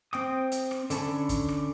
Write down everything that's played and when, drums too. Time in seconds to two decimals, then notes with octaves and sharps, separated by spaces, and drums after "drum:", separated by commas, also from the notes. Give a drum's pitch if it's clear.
0.13 C4 G5 D#6, drum: rim click
0.52 drum: hi-hat
0.71 drum: rim click
0.90 D3 C#4 A5 B5 C#6, drum: hi-hat
1.29 drum: kick, hi-hat
1.48 drum: rim click